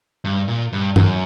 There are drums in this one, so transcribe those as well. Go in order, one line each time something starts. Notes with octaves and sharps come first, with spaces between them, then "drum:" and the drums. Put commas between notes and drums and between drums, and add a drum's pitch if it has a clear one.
G2
A#2
G2
F#2, drum: tom G2